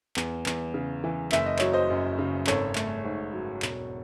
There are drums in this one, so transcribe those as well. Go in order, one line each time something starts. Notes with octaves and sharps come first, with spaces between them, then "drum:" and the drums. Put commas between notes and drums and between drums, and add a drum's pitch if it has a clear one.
E2, drum: clap
E2, drum: clap
C#3
E3
F#1 E5, drum: clap
D#5
F#3 C#5, drum: clap
C5 D#5
F#2
C#3
G#1 A4 C#5, drum: clap
A3, drum: clap
G#2
F#3
E1, drum: clap